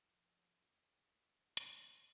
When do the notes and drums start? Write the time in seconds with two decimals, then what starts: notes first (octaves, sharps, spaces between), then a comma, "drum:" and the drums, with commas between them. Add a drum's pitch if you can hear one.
0.05 F3
1.57 drum: hi-hat